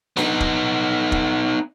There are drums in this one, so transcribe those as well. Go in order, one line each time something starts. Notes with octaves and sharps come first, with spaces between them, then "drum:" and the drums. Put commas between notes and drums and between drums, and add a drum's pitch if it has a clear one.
B3 D#4, drum: snare D4
drum: kick
drum: kick